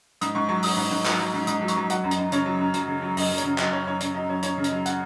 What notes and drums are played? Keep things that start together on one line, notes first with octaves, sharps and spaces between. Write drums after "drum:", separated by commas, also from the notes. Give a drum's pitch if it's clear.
G#2 D#6, drum: hi-hat
G#2 C#6
F#3 C#6
F#3 D#6, drum: open hi-hat
G#2
G#2
F#3, drum: clap
F#3
G#2
G#2 D#6, drum: hi-hat
F#3
C#6, drum: hi-hat
F#3
F#3 F#5, drum: hi-hat
F#2
D#5, drum: hi-hat
F#2
C#3 C#5, drum: hi-hat
F#3
F#2
F#2, drum: hi-hat
C#3
F#3
F#2 D#5, drum: open hi-hat
F#2
C#5, drum: hi-hat
C#3
F#3 D#5, drum: clap
F#2 C#5
F#2 C#5
C#3 C#5, drum: hi-hat
F#3 D#5
F#2 C#5
F#2 C#5, drum: hi-hat
C#3
D#5, drum: hi-hat
F#3
F#5, drum: hi-hat